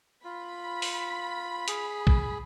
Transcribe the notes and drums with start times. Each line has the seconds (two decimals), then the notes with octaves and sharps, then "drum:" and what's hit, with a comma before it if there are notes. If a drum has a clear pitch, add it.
0.25 F4 B5
0.82 drum: open hi-hat
1.68 G#4, drum: hi-hat
2.07 drum: kick